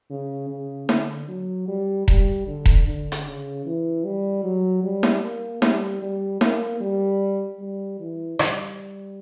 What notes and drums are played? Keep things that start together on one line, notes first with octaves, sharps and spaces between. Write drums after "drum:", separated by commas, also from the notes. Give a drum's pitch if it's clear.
C#3
C#3
D3, drum: snare
F#3
G3
G3, drum: kick E1
D3
drum: kick E1
D3
drum: hi-hat
C#3
E3
G3
F#3
G3
drum: snare
A#3
G3, drum: snare
G3
A#3, drum: snare
G3
G3
E3
G3, drum: rim click